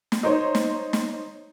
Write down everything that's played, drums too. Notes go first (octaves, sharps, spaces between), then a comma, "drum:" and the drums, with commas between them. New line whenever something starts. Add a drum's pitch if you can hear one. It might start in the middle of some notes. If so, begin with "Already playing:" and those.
drum: snare
D#4 C5 C#5
drum: snare
drum: snare